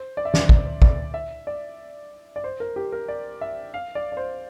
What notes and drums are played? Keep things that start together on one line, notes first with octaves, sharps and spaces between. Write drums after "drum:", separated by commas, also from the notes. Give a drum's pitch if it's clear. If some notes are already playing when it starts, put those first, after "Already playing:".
Already playing: C5
D5
E5
D5, drum: snare
D5, drum: kick
D5, drum: kick
E5
D5
D5
C5
A#4
G4
A#4
D5
E5
F5
D5
D5
C5